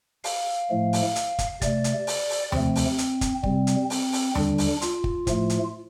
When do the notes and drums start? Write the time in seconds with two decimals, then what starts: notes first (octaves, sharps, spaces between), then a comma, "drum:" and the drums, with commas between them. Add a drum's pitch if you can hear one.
0.24 F5, drum: open hi-hat
0.70 A2 F3 A3
0.93 drum: open hi-hat
1.16 drum: hi-hat
1.39 drum: kick, hi-hat
1.62 C3 A3 D5, drum: kick, hi-hat
1.84 drum: hi-hat
2.07 drum: open hi-hat
2.30 drum: open hi-hat
2.52 C3 F3 A3 C4, drum: tom D#2
2.76 drum: open hi-hat
2.98 drum: hi-hat
3.21 drum: kick, hi-hat
3.43 C3 G3 C4, drum: kick
3.67 drum: hi-hat
3.90 C4, drum: open hi-hat
4.13 drum: open hi-hat
4.35 D3 G3 D4, drum: tom D#2
4.58 drum: open hi-hat
4.82 F4, drum: hi-hat
5.04 drum: kick
5.27 A2 F3 A3, drum: kick, hi-hat
5.50 drum: hi-hat